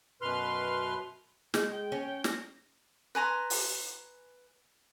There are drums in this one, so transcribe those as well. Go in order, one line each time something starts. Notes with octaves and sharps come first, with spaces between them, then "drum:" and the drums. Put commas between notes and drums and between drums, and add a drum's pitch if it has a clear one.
F#2 B2 B4 C6 F6
G#3 G6, drum: snare
G5
C#4
A#6, drum: snare
B4 G#5 A#5 C6
drum: open hi-hat